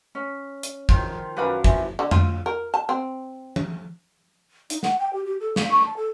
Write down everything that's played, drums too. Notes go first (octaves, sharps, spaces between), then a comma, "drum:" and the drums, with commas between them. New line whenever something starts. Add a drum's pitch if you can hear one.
C#4
drum: hi-hat
D#3 F3 F4, drum: kick
F#2 D4 B4 F5 A#5 B5
E3 F3 E5, drum: kick
D3
F4, drum: tom F2
A#4
A5
C4
drum: tom
D#4, drum: hi-hat
F#5, drum: snare
G5
G4
G4
A4
F5, drum: snare
C#6
A5
A4